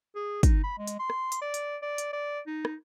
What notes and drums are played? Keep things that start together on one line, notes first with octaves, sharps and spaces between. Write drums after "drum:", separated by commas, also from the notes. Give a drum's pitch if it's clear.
G#4
D#4, drum: kick, hi-hat
B5
G#3
drum: hi-hat
C6
drum: rim click
drum: hi-hat
D5
drum: hi-hat
D5
drum: hi-hat
D5
D#4
drum: rim click